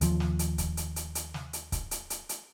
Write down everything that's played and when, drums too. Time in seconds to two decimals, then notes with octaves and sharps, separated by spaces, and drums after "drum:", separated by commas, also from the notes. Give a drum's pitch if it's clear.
0.01 D#2 F3, drum: hi-hat
0.20 drum: snare
0.39 drum: hi-hat
0.58 drum: kick C#1, hi-hat
0.77 drum: hi-hat
0.96 drum: hi-hat
1.15 drum: hi-hat
1.34 drum: snare
1.53 drum: hi-hat
1.72 drum: kick C#1, hi-hat
1.91 drum: hi-hat
2.10 drum: hi-hat
2.29 drum: hi-hat